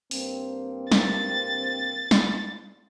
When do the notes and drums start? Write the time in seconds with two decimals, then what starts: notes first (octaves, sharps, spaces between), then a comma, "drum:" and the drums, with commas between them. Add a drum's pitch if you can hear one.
0.11 G2 A#3 C4, drum: open hi-hat
0.92 A6, drum: snare
2.11 drum: snare